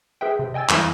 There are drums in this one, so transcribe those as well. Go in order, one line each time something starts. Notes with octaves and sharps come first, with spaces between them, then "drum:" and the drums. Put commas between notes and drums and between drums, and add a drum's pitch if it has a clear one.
G#4 B4 E5 G5
C3
D#5 G5 G#5 E6 A6
F2 E3 G3 E4, drum: clap